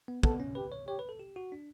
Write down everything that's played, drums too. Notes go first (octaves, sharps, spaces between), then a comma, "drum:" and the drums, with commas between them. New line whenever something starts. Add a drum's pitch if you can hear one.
B3
B3 A4, drum: kick
C#4
G4 B4
C#5
G4 C#5
B4
A4
G4
F#4
D4